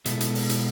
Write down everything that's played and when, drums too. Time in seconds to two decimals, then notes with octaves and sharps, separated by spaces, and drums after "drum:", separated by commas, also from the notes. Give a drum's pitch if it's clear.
0.06 B2 G#3 B3 E4 A4, drum: hi-hat
0.20 drum: hi-hat
0.35 drum: open hi-hat
0.49 drum: hi-hat